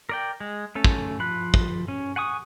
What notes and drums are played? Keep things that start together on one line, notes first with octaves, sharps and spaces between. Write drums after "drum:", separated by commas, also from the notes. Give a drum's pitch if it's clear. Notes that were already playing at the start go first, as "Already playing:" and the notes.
A#4 D5 G5
G#3
A3 C#4 A4
drum: kick
F3 B5 F#6
drum: kick
C#4
F#5 G#5 C#6 D#6